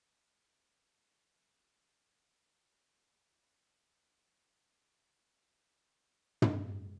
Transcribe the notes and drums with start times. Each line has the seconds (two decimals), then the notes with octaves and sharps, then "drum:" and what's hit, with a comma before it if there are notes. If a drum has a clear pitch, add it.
0.16 C3
0.54 D#3
0.92 F#3
2.41 F3
3.92 D#3
4.67 C3
5.36 C3
5.42 C#3
6.42 drum: tom